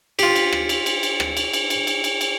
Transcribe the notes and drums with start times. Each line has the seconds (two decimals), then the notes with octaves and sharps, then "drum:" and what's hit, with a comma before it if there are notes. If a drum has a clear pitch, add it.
0.19 F4 G4, drum: cymbal
0.36 drum: cymbal
0.52 drum: rim click
0.69 drum: cymbal
0.86 drum: cymbal
1.03 drum: cymbal
1.20 drum: rim click
1.37 drum: cymbal
1.53 drum: cymbal
1.70 drum: cymbal
1.87 drum: cymbal
2.04 drum: cymbal
2.21 drum: cymbal